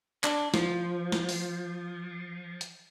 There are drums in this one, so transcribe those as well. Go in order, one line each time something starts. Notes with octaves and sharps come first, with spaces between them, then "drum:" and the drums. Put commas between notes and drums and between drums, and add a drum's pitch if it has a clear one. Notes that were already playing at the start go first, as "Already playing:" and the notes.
D4, drum: clap
F3, drum: snare
drum: snare
drum: open hi-hat
drum: hi-hat